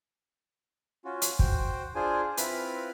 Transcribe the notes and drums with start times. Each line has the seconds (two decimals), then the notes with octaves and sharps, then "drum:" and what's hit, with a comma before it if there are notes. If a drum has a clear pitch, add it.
1.05 C#4 F4 F#4
1.22 drum: hi-hat
1.39 F#4 C5 G5, drum: kick
1.95 D4 F4 G#4 C5 G#5
2.37 C4 E4 F4 B4 B5 F6, drum: hi-hat